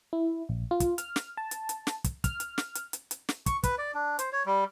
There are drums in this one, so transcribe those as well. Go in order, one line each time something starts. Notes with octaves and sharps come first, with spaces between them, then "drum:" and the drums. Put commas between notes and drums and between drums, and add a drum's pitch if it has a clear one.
E4
A#1
F4
drum: kick, hi-hat
F6, drum: hi-hat
drum: snare
A5
drum: hi-hat
drum: hi-hat
drum: snare
drum: kick, hi-hat
F6, drum: kick, hi-hat
drum: hi-hat
drum: snare
drum: hi-hat
drum: hi-hat
drum: hi-hat
drum: snare
C#6, drum: kick, hi-hat
B4, drum: kick, hi-hat
D5
D4
C5, drum: hi-hat
C#5
G3